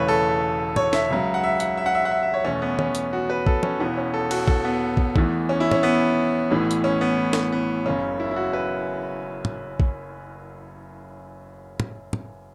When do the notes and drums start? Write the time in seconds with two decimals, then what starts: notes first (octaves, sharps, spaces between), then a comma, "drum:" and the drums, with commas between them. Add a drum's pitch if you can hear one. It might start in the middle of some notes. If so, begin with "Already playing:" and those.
Already playing: E1 E2 C#3 E3 A3 B4 C#5
0.08 A4
0.76 C#5, drum: tom
0.93 E5, drum: snare
1.10 C#2 C#3 F#3
1.34 F#5
1.44 E5
1.60 F#5, drum: hi-hat
1.77 E5
1.86 F#5
1.95 E5
2.05 F#5
2.11 E5
2.22 E5
2.34 C#5
2.45 E2 B2 A3 C#4
2.62 B3
2.79 C#4, drum: tom D#3
2.95 drum: hi-hat
3.13 F#4
3.30 B4
3.47 A4, drum: kick
3.63 C#4, drum: tom
3.80 E1 E2 E3 B3
3.97 C#4
4.14 A4
4.31 F#4, drum: cymbal
4.48 A4, drum: kick
4.64 B3
4.97 drum: kick
5.16 E2 E3 A3, drum: kick
5.49 C#4
5.60 E4
5.71 C#4, drum: tom
5.83 B3
6.51 A1 A2 E3
6.71 drum: hi-hat
6.84 C#4
7.01 B3
7.33 drum: snare
7.52 B3
7.86 F#1 F#2 C#3 C#4
8.20 E4
8.31 E4
8.36 F#4
8.53 B4
9.45 drum: tom
9.80 drum: kick
11.80 drum: tom
12.13 drum: tom